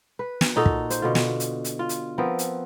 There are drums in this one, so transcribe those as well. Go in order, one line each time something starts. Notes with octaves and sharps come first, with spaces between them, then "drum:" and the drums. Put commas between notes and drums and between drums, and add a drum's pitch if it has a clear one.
B4
drum: snare
A#2 D#4 F#4 A4
drum: kick
C5, drum: hi-hat
B2 D3 F4
drum: snare
drum: hi-hat
drum: hi-hat
F4
drum: hi-hat
F3 B3 C4 A#4
drum: hi-hat